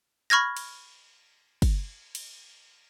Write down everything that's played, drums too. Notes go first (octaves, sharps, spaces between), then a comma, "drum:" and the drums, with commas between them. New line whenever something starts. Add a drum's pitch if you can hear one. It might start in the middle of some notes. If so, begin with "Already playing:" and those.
B5 C#6 F6 G#6 A#6
drum: cymbal
drum: kick, cymbal
drum: cymbal